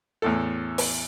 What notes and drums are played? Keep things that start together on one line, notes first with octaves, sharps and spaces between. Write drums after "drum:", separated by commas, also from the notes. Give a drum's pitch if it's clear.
E2 A2 A4
drum: open hi-hat